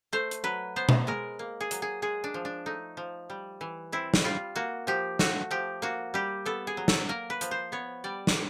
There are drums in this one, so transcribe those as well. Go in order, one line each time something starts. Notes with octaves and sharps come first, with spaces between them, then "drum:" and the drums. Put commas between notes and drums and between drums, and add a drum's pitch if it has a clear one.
A3 C5
drum: hi-hat
F#3 B4
B3 C5
drum: tom B2
G#3 A#4
A#3
G#4
F#3, drum: hi-hat
G#4
G#3 G#4
D4
F3
D4
A3 D#4
F3
G3
E3
C4 E4
drum: snare
G3 F4
A#3 F#4
F3 G4
A3 F#4, drum: snare
F3 G4
A#3 F#4
G3 G4
B3 A4
G#4
F#3
A4, drum: snare
A#3 A#4
B4
F3, drum: hi-hat
C5
B3 C#5
G3 D5
drum: snare